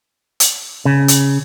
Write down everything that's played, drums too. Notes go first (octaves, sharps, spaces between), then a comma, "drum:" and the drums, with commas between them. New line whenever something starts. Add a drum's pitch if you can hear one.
drum: hi-hat
C#3
drum: hi-hat